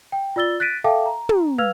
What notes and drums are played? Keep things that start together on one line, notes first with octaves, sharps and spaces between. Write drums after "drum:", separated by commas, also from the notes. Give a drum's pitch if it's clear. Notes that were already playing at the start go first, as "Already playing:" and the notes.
G5
F4 D5 E6 A6 G7
F#6 A6 B6 D7 D#7
A4 E5 F5 G5 A5 D6
A#5
drum: tom
B4 F5 E6 F6 G#6 F7